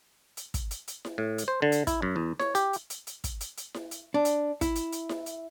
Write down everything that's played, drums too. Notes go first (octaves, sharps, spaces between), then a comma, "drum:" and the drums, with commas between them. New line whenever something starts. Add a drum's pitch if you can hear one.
drum: hi-hat
drum: kick, hi-hat
drum: hi-hat
drum: hi-hat
drum: snare E4
A2
drum: hi-hat
C5
D3
drum: hi-hat
E4, drum: kick, hi-hat
F#2
E2
C#5, drum: snare E4
G4, drum: hi-hat
drum: hi-hat
drum: hi-hat
drum: hi-hat
drum: kick, hi-hat
drum: hi-hat
drum: hi-hat
drum: snare E4
drum: hi-hat
D4
drum: hi-hat
E4, drum: kick, hi-hat
drum: hi-hat
drum: hi-hat
drum: snare E4
drum: hi-hat